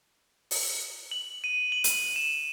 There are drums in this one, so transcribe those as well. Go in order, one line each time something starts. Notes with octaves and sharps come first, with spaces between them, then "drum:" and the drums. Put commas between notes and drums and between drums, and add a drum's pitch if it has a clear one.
drum: open hi-hat
F#7
D#7
F#7
drum: hi-hat
E7